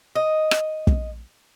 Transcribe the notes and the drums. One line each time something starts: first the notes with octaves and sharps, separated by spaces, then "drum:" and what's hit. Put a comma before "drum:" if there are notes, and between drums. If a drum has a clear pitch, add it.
D#5
drum: rim click
drum: kick